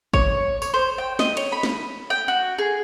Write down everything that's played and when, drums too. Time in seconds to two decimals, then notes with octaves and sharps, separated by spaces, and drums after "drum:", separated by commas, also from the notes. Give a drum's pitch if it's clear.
0.13 C#5, drum: kick
0.62 C#5, drum: tambourine
0.74 C5
0.98 G5
1.19 D#5, drum: snare
1.37 C#5, drum: cymbal
1.52 B5
1.63 drum: snare
2.10 G5
2.28 F#4
2.58 G#4